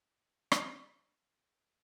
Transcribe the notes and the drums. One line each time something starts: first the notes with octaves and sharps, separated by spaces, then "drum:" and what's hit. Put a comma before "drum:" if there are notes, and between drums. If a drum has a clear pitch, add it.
D#2 C3 G#5 C#6
drum: rim click
C#3
G#4
A3 A#4 B6
C#3 C6 A6 D#7